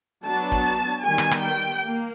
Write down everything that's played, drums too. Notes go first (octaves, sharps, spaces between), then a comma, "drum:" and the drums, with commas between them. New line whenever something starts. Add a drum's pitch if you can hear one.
F#3 B3 D4 A5
drum: kick
D#3 G3 B3 G#5
drum: rim click
drum: rim click
G5
A#3